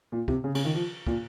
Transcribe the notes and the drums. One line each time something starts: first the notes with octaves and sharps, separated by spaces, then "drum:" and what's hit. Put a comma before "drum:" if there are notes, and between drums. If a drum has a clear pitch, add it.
A#2
C3, drum: kick
C#3
C#3, drum: cymbal
D#3
F3
A#2, drum: kick